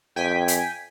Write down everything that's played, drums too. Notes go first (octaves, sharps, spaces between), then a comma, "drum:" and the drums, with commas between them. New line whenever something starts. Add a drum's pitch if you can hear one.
F2 G5 G#5 B6
drum: hi-hat